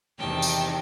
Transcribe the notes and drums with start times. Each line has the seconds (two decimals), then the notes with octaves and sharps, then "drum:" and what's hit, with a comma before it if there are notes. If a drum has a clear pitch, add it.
0.18 E2 C3 D#3 G5 A5
0.42 drum: tambourine